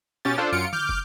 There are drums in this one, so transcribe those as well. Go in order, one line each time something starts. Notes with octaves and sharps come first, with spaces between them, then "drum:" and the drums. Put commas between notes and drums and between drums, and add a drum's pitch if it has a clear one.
B2 C#4 G4 A6
D4 F4 A4 C5
F#2 F4 C#7 D7
D6 F6 G6, drum: tom D3
drum: kick